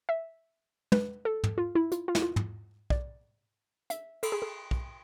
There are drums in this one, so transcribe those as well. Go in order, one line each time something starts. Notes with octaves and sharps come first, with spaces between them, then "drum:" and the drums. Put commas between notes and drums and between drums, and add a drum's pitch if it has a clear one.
E5
B4, drum: tom
A4
drum: tom
F4
E4
F4, drum: hi-hat
F4
E4, drum: snare
F4
drum: tom
D5, drum: kick
E5, drum: hi-hat
A4, drum: cymbal
G#4
A4
drum: kick